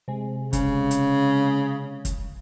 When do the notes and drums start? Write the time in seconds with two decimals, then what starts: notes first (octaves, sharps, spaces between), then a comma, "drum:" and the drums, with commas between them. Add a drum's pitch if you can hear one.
0.08 C3 G#3
0.53 C#3, drum: kick, hi-hat
0.91 drum: hi-hat
2.05 drum: kick, hi-hat